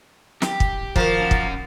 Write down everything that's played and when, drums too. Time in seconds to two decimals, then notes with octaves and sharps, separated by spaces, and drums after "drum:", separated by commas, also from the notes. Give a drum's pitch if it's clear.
0.42 G4, drum: snare
0.60 drum: kick
0.96 D#3 F3 A#3 F#4, drum: kick
1.21 C#4 F#5
1.31 drum: kick